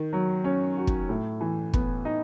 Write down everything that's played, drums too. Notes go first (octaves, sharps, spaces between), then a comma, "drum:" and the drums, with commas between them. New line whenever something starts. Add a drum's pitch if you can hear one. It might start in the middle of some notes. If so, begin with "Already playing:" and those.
Already playing: D#3
F#3
C#4
F#4
drum: kick
A2
E3
B3, drum: kick
D#4